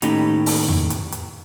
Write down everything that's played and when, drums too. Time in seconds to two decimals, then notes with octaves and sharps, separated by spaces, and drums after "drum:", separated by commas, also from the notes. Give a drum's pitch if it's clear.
0.02 D#2 A2 C#4 D#4 G4 B4, drum: hi-hat
0.46 drum: open hi-hat
0.68 drum: tom E2
0.90 drum: hi-hat
1.12 drum: hi-hat